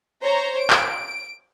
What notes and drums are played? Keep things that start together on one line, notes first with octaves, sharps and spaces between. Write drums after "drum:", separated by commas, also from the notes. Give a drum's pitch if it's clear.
C5 C#5 A#5
D7
drum: clap